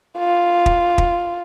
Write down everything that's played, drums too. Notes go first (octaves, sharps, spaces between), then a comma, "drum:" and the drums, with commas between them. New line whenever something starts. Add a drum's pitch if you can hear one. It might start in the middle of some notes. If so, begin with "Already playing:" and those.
F4
drum: kick
drum: kick